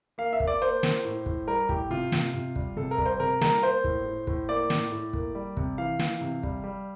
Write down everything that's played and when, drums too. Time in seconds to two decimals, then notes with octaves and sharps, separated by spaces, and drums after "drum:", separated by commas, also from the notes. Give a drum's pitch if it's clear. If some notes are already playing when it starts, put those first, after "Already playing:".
0.18 A#3 F5
0.33 E5
0.40 A#3, drum: kick
0.47 D5
0.61 A#3 C5
0.83 A#3, drum: snare
1.05 A2
1.26 A2, drum: kick
1.47 G3 A#4
1.69 A2 G4, drum: kick
1.90 C3 F4
2.12 C3, drum: snare
2.34 C3
2.56 G3, drum: kick
2.77 C3 A4
2.91 A#4
2.98 G3, drum: kick
3.06 C5
3.20 C3 A#4
3.41 G3 A#4, drum: snare
3.63 A#3 C5
3.84 A2, drum: kick
4.06 A2
4.27 A2, drum: kick
4.49 A#3 D5
4.70 A2, drum: snare
4.92 A2
5.13 A#3, drum: kick
5.35 G3
5.57 C3, drum: kick
5.78 E3 F5
5.99 E3, drum: snare
6.21 C3
6.43 G3, drum: kick
6.64 G3